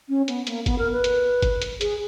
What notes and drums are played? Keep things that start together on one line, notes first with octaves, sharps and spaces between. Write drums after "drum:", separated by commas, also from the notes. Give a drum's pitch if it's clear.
C#4
B3, drum: hi-hat
A#3, drum: hi-hat
B3, drum: kick G1, hi-hat
A#4
B4
drum: hi-hat
drum: kick G1, hi-hat
drum: hi-hat
G#4, drum: hi-hat